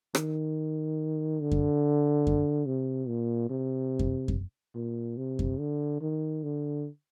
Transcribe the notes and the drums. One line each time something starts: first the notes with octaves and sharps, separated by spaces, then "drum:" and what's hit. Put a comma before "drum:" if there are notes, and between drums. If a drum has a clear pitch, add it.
D#3, drum: rim click
D3
drum: kick F#2
drum: kick F#2
C3
A#2
C3
drum: kick F#2
drum: kick F#2
A#2
C3
drum: kick F#2
D3
D#3
D3